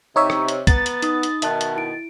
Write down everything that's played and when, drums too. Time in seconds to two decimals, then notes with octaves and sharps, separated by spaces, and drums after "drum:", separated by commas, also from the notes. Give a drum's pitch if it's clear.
0.16 C3 D#4 C#5 E5
0.30 drum: rim click
0.48 drum: hi-hat
0.67 B3 A#5 A6, drum: kick, hi-hat
0.86 drum: hi-hat
1.02 D#4 B5 D#6, drum: hi-hat
1.23 drum: hi-hat
1.42 B2 D#3 E5 A5 F#6, drum: hi-hat
1.61 drum: hi-hat
1.76 E4 D7